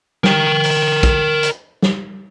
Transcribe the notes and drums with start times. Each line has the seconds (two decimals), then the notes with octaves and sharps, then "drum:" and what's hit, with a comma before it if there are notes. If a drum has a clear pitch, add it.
0.24 A#4 G5, drum: snare
0.63 drum: open hi-hat
1.03 drum: kick, hi-hat
1.43 drum: hi-hat
1.82 drum: snare